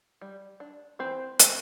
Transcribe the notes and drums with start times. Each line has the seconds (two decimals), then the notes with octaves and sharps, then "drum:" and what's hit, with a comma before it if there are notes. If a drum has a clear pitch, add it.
0.21 G3
0.60 D4
0.99 E3 C4 C5
1.39 A3 C4, drum: hi-hat